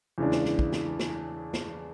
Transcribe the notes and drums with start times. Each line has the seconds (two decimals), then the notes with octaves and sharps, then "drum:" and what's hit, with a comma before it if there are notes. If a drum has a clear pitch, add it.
0.18 E2 C#3 E3 G#3 D4
0.32 drum: snare
0.45 drum: snare
0.59 drum: kick
0.72 drum: snare
0.99 drum: snare
1.54 drum: snare